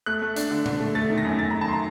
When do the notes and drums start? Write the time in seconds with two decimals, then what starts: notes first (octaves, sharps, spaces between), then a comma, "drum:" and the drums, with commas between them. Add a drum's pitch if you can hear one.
0.06 A3 F#6
0.22 A3
0.36 D4, drum: hi-hat
0.51 D3
0.66 D3, drum: tom A#2
0.80 A3
0.95 A3 A6
1.10 D#3
1.18 A#6
1.25 F#2
1.39 F#2 A6
1.51 D#3 A#5
1.61 A5
1.68 C6
1.73 A#5